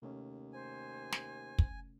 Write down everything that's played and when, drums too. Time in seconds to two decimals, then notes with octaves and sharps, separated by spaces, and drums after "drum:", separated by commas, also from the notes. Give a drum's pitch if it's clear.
0.02 D#2 C3 A3 C#4
0.53 C5 G#5
1.12 drum: snare
1.59 drum: kick